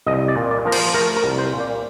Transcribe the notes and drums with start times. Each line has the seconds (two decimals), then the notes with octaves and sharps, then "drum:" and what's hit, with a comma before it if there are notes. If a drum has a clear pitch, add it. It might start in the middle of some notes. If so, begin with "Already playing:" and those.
0.06 C2 D#5
0.28 D5
0.36 A#2
0.51 D5
0.65 F3 A#4
0.72 C5, drum: cymbal
0.94 A3 A#4
1.16 A#4
1.24 C2
1.38 C5
1.53 A#2
1.60 D5